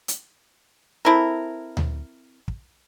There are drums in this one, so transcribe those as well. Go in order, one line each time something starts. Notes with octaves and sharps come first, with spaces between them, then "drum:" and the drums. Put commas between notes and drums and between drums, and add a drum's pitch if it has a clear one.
drum: hi-hat
C4 E4 A4 A#4
drum: tom D2
drum: kick